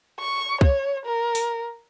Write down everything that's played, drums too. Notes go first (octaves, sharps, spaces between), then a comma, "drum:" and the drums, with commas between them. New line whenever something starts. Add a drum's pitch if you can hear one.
C#6
C#5, drum: kick
A#4
drum: open hi-hat